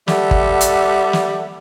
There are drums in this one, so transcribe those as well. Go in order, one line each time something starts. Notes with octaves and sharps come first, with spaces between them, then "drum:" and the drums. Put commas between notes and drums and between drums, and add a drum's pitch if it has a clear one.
G3 A4 E5 F#5, drum: snare
drum: kick
drum: hi-hat
drum: snare